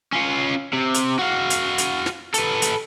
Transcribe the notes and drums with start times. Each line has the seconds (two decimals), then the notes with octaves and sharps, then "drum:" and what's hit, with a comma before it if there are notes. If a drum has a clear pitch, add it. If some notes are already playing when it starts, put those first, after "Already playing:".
0.13 C#4 F4
0.73 C3
0.94 drum: hi-hat
1.19 F#4 F5
1.50 drum: hi-hat
1.78 drum: hi-hat
2.06 drum: snare
2.34 A4 B4, drum: hi-hat
2.62 drum: hi-hat